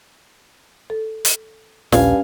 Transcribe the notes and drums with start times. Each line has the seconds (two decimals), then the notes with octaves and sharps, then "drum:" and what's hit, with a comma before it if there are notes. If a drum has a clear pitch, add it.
0.90 A4
1.25 drum: hi-hat
1.92 D#1 A#1 G2 C#4 F5 G#5, drum: snare